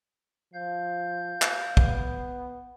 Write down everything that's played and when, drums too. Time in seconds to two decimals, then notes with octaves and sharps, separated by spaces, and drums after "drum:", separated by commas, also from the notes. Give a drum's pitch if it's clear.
0.54 F3 F5 G6
1.42 drum: clap
1.77 B3, drum: kick